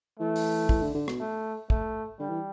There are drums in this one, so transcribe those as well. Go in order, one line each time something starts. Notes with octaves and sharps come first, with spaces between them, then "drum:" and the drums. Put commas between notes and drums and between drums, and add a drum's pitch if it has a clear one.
E3 A3
drum: open hi-hat
E3, drum: kick
D3
D3
B2, drum: rim click
A3
A3, drum: kick
D3 G3
E3